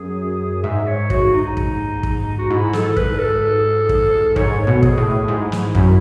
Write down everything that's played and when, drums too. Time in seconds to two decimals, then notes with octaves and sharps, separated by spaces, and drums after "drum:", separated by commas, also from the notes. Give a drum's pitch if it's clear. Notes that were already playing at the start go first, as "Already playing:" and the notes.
Already playing: F#2 G#4
0.63 G#2 E5
0.87 C#5
1.10 F#4, drum: kick
1.33 D#4
1.57 drum: kick
2.03 drum: kick
2.38 F#4
2.50 G#2 E4
2.73 A4, drum: snare
2.97 B4, drum: kick
3.19 A4
3.89 drum: kick
4.36 G#2 C#5, drum: kick
4.67 B2
4.83 G#4, drum: kick
4.98 A2
5.28 G#2 E4
5.52 drum: snare
5.75 F#2 E4, drum: kick